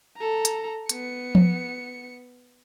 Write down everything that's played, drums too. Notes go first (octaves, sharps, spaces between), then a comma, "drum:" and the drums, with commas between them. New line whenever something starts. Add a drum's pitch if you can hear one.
A4 A#5
drum: hi-hat
B3 C#7, drum: hi-hat
drum: tom F3